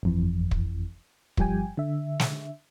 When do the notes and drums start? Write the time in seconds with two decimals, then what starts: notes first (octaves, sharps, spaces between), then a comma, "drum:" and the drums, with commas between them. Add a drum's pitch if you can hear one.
0.03 G1 F2 E3
0.51 drum: kick
1.37 G1 F3 G3 G4 G5 G#5, drum: kick
1.77 D3 E5
2.20 drum: snare